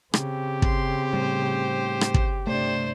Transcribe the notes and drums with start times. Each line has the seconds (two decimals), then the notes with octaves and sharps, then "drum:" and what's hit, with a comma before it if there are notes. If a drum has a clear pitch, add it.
0.14 C#3 C4 G4, drum: rim click
0.62 C6, drum: kick
1.13 A2 G3 C5
2.01 drum: rim click
2.14 drum: kick
2.47 G1 C3 A3 D4 C5